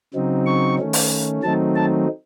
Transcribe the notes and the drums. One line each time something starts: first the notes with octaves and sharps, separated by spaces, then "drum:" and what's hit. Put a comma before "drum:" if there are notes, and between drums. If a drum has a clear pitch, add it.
C#3 F#3 C4 D#4
C#6
D#3 A3 C#4
drum: open hi-hat
D#3 F#3 A3 C4 D#4 A5
A5